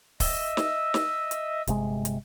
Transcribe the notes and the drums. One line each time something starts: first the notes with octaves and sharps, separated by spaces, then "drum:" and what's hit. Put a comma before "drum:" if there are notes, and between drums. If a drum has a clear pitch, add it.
D#5 E5 E6, drum: kick, open hi-hat
drum: snare
drum: snare
drum: hi-hat
G1 C3 G#3, drum: hi-hat
drum: hi-hat